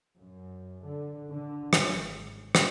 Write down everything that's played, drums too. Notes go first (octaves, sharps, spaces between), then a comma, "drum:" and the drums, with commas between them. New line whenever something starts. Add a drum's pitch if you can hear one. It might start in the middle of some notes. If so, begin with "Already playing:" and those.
F#2
D3
D3
drum: rim click
G#1
drum: rim click